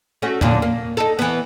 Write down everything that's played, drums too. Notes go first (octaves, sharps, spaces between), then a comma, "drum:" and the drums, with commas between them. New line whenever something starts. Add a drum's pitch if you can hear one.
A3 C#4 F#4
F#2 A#2 D3, drum: tom E2
A#3
D#4 A4
E3 B3